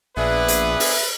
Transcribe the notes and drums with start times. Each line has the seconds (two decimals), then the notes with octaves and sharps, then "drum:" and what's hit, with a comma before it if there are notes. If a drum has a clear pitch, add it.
0.17 A#1 B3 D4 G#4 B4 E5
0.48 drum: hi-hat
0.80 drum: open hi-hat